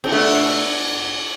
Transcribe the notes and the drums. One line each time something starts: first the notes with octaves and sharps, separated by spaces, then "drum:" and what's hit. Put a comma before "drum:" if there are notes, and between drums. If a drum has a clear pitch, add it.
C4, drum: cymbal
A3 B3 D4
B2